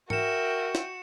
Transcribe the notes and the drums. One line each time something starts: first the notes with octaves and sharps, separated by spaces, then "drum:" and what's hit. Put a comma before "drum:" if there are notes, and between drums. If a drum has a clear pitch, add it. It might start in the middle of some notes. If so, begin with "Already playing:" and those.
F#4 A#4 E5 G5 C#7 E7, drum: tom G#2
drum: snare